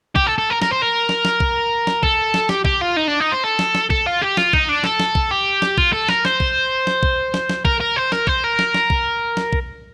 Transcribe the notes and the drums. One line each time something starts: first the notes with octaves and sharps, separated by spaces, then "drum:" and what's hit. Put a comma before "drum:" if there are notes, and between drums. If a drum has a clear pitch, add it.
G4, drum: kick
A4
A4
A#4
A#4, drum: snare
C5
A#4
drum: snare
drum: snare
drum: kick
drum: snare
A4, drum: kick
drum: snare
G4, drum: snare
G4, drum: kick
F4
D#4
D4
D#4
C5
A4
drum: snare
drum: snare
A4, drum: kick
F4
G4
F4, drum: snare
D#4, drum: kick
D4
A4, drum: snare
drum: snare
drum: kick
G4
drum: snare
F4, drum: kick
A4
A#4, drum: snare
C5, drum: snare
drum: kick
drum: snare
drum: kick
drum: snare
drum: snare
A#4, drum: kick
A#4
C5
A#4, drum: snare
C5, drum: kick
A#4
drum: snare
drum: snare
drum: kick
drum: snare
drum: kick